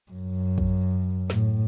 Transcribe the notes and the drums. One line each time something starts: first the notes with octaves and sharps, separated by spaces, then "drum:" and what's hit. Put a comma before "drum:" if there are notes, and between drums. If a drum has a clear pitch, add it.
F#2
drum: kick
A2, drum: snare